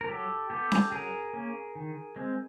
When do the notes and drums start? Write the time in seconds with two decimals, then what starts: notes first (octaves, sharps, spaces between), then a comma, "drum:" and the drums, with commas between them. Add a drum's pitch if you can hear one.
0.01 A#4
0.09 F#3 G4 A4
0.50 B3 G4 A4
0.72 drum: snare C#4
0.92 F#3 G#4 A#4
1.33 A#3 C#4
1.75 D#3
2.16 G#3 C4